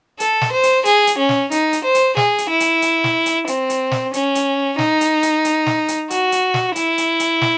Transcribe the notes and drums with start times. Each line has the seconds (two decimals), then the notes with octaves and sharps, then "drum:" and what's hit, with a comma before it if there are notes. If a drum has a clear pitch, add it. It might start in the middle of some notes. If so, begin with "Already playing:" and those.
0.20 A4, drum: hi-hat
0.41 drum: snare
0.52 C5
0.63 drum: hi-hat
0.85 G#4, drum: hi-hat
1.07 drum: hi-hat
1.18 C#4
1.29 drum: snare
1.51 D#4, drum: hi-hat
1.73 drum: hi-hat
1.84 C5
1.95 drum: hi-hat
2.17 G#4, drum: snare
2.38 drum: hi-hat
2.49 E4
2.60 drum: hi-hat
2.82 drum: hi-hat
3.04 drum: snare
3.26 drum: hi-hat
3.47 C4, drum: hi-hat
3.70 drum: hi-hat
3.91 drum: snare
4.13 C#4, drum: hi-hat
4.35 drum: hi-hat
4.79 D#4, drum: snare
5.01 drum: hi-hat
5.23 drum: hi-hat
5.45 drum: hi-hat
5.66 drum: snare
5.88 drum: hi-hat
6.10 F#4, drum: hi-hat
6.32 drum: hi-hat
6.54 drum: snare
6.76 E4, drum: hi-hat
6.98 drum: hi-hat
7.20 drum: hi-hat
7.41 drum: snare